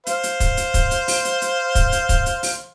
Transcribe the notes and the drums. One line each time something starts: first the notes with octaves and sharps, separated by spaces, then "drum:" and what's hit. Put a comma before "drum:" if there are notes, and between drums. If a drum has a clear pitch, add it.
C5 F5, drum: hi-hat
drum: hi-hat
drum: kick, hi-hat
drum: hi-hat
drum: kick, hi-hat
drum: hi-hat
drum: open hi-hat
drum: hi-hat
drum: hi-hat
drum: kick, hi-hat
drum: hi-hat
drum: kick, hi-hat
drum: hi-hat
drum: open hi-hat